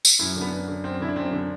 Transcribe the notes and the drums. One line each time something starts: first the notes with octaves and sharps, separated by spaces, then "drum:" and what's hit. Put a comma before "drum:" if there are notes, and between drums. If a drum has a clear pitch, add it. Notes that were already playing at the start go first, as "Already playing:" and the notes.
drum: tambourine
F#2 E4
D3
B3
F#2
D3
F#2 C4
D3 E4
D4
F#2 C4
D3